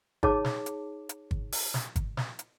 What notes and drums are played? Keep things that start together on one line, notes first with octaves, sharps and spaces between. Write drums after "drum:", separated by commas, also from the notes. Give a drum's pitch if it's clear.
D#4 G#4 C#5 A5 D6, drum: kick
drum: snare
drum: hi-hat
drum: hi-hat
drum: kick
drum: open hi-hat
drum: snare
drum: kick, hi-hat
drum: snare
drum: hi-hat